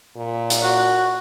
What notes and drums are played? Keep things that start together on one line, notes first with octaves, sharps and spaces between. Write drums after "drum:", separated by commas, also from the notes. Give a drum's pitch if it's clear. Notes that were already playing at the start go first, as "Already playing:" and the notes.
A#2
drum: hi-hat
F#4